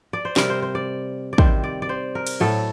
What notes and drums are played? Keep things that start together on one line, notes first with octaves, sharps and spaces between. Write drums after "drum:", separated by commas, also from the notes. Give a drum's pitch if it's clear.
D5
C5
C3 G3 A#4, drum: snare
C5
C5
D5
D5
C3 D#3 G3 C5, drum: kick
D5
D5
C5
A#4
drum: cymbal
A2 F#3 A3 A4